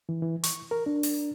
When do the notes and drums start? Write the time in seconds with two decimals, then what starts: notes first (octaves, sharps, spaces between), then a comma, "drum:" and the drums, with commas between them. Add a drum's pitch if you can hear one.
0.09 E3
0.22 E3
0.44 C#6, drum: hi-hat
0.71 A#4
0.86 D4
1.03 drum: open hi-hat